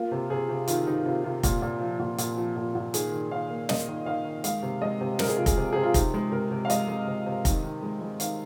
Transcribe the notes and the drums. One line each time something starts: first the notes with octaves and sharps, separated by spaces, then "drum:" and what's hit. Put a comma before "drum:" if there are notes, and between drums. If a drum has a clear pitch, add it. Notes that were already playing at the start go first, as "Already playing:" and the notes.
Already playing: A#3 F4
C3
C3 G#4
C3
D#3 F4, drum: hi-hat
C3 D#4
C3 F4
C3 F4
A#2, drum: kick F1, hi-hat
A#2
F3
A#2
A#2, drum: hi-hat
F3
A#2
A#2
D#3 G#4, drum: hi-hat
D#3
D#3 F5
A#3
A#3 D#5, drum: snare
D#3
D#3 F5
D#3
G#3 F5, drum: hi-hat
C3
G#3 D#5
C3
C3 A#4, drum: snare
G#4
C3 F4
G#4, drum: kick F1, hi-hat
C3
C3 G#4
F4
C3 D#4, drum: kick F1, hi-hat
G#3
C3 A#4
C3
F5
G#3 D#5, drum: hi-hat
G#3
C3
C3
D#3, drum: kick F1, hi-hat
D#3
G#3
G#3
D#3 F5, drum: hi-hat